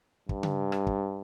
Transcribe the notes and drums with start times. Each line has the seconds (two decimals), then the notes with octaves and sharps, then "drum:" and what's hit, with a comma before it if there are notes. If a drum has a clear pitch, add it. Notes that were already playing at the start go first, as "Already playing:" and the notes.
0.29 G2, drum: kick
0.43 drum: tom C#3
0.72 drum: rim click
0.87 drum: kick